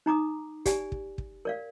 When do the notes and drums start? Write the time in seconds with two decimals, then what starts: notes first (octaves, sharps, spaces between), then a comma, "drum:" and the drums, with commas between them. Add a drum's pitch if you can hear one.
0.06 D#4 A#5 D6 D#6
0.65 G4 D5 G#5, drum: kick, hi-hat
0.92 drum: kick
1.18 drum: kick
1.45 A#4 D5 F5